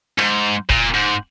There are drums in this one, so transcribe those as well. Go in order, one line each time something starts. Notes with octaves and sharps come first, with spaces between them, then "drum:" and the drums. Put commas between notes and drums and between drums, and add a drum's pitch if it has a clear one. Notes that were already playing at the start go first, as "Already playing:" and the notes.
G#2, drum: rim click
A#2, drum: kick
G#2